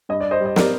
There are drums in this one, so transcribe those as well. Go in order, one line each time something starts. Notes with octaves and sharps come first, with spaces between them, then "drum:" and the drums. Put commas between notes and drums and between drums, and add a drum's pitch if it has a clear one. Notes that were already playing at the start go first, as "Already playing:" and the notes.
G2 D#5
D5
C5 D#5
G3
D#5
A#4 D5, drum: snare